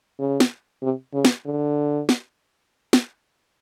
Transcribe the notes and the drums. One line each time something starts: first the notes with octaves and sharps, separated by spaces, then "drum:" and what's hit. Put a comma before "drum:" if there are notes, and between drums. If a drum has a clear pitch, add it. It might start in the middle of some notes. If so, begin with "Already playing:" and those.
C#3
drum: snare
C3
C#3
drum: snare
D3
drum: snare
drum: snare